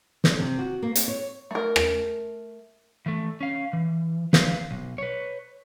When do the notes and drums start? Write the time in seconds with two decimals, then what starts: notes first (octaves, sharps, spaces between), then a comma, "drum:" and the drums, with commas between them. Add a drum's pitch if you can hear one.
0.24 D3, drum: snare
0.39 C3
0.59 F#4
0.82 A#3
0.95 C4, drum: hi-hat
1.08 C#5
1.51 A3 A#4
1.76 drum: rim click
3.06 E3 A3
3.41 C#4 F5
3.73 E3
4.33 B4 F5, drum: snare
4.71 B1
4.98 B4 C#5